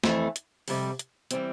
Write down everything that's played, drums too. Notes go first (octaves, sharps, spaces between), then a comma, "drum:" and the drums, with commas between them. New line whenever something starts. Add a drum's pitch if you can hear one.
F2 E3 A3, drum: snare
drum: hi-hat
F2 C3 G3, drum: open hi-hat
drum: hi-hat
E3 G3 C4, drum: hi-hat